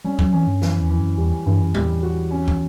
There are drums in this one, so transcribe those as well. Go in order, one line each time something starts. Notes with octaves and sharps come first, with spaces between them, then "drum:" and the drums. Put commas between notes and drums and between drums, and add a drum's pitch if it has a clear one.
G3 C#4
F#3, drum: kick
E3 C#4
G2
F#2 E3, drum: snare B4
E2
E3
F#2
E2 G3
G2 E3
F#2
E2 G3, drum: tom
F#4
C#4
drum: kick